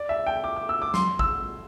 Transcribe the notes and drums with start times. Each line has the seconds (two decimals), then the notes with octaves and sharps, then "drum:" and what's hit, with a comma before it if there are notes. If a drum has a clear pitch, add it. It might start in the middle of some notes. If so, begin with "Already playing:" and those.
Already playing: D5
0.09 E5
0.26 G5
0.44 D6
0.56 D6
0.69 E6
0.82 D6
0.94 C6, drum: snare
1.19 E6, drum: kick G#1